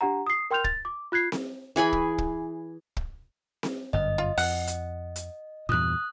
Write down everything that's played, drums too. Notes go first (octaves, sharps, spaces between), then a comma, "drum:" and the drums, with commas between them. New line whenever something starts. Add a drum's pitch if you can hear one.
D4 G4 F#5 A#5
D#6 C7
A#4 G5 C6 F6 G6 F7
A6, drum: kick
D6
F4 F#6 G#6 C7
drum: snare C4
E3 G#4 G#5 B5
drum: kick
drum: kick
drum: kick
drum: snare C4
G1 F#2 D#5
F4
F2 F#5, drum: open hi-hat
drum: hi-hat
drum: hi-hat
E2 G2 A#2 D#6 F#6